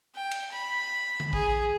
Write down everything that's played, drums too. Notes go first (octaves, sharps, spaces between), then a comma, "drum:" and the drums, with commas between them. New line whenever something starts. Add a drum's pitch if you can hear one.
G5
drum: cymbal
B5
drum: tom D3
G#4, drum: kick A1